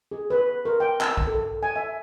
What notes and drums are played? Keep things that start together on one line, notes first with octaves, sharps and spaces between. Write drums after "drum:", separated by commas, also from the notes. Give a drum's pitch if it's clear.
G#4
B4
A#4
G5
E6, drum: clap
drum: kick A#1
A4
G#5
E5